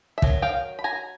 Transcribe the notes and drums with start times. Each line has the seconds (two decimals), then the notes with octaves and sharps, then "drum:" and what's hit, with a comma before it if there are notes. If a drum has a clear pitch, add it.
0.18 E5
0.22 D#3 F#3, drum: kick
0.42 F5 G5
0.79 B5
0.84 G#5 A#5